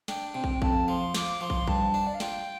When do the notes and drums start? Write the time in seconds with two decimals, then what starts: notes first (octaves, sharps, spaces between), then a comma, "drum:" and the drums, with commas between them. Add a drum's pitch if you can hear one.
0.08 D4 G5, drum: snare
0.34 C3
0.44 drum: kick
0.62 F2 A5, drum: kick
0.88 F3 C6
1.14 F4 D6, drum: snare
1.41 F3 C6
1.50 drum: kick
1.68 G2 A5, drum: kick
1.94 D4
2.07 D5
2.14 F5
2.20 F4 G5, drum: snare